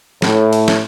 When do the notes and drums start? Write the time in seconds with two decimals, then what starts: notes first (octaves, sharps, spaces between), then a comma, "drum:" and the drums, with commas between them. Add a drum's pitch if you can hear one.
0.22 A2, drum: snare
0.53 drum: cymbal
0.68 drum: snare